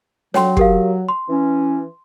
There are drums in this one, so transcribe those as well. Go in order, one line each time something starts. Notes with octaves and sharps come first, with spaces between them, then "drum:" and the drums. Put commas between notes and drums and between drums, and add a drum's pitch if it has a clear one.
F#3 C#5 G5 C6, drum: snare
G4 A#4 F5, drum: kick
C6
E3 C#4